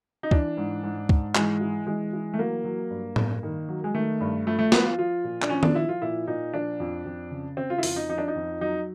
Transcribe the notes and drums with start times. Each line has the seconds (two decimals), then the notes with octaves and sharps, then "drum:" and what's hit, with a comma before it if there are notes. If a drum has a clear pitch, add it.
0.23 D#4
0.31 E3 D4, drum: kick
0.57 G#2
0.83 G#2
1.09 G#2, drum: kick
1.35 E3 G#3, drum: clap
1.61 E3
1.87 E3 G#3
2.13 E3
2.34 A3
2.39 F#3 A#3
2.64 F#3
2.90 G2
3.16 G2, drum: tom A2
3.43 D#3
3.68 F#3
3.84 G#3
3.94 D#3 A3
4.21 G2
4.47 F3 A3
4.59 A3
4.72 F3 B3, drum: snare
4.85 F4
4.98 F3 F4
5.24 A#2
5.42 D4, drum: clap
5.50 F3 C#4
5.63 D4, drum: tom
5.75 F3 E4
5.89 F4
6.02 A#2 E4
6.27 A#2 D#4
6.54 F3 D4
6.80 F2
7.05 F2
7.31 C#3
7.57 C#3 C4
7.70 F4
7.78 E4
7.83 F2 F4, drum: open hi-hat
7.96 D#4
8.09 F3 D#4
8.18 D4
8.28 D#4
8.35 F2
8.61 F#3 D#4